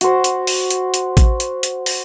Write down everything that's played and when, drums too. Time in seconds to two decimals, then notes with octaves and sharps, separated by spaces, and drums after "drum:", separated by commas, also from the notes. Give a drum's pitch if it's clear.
0.01 F#4 C5, drum: hi-hat
0.24 drum: hi-hat
0.47 drum: open hi-hat
0.70 drum: hi-hat
0.94 drum: hi-hat
1.17 drum: kick A1, hi-hat
1.40 drum: hi-hat
1.63 drum: hi-hat
1.86 drum: open hi-hat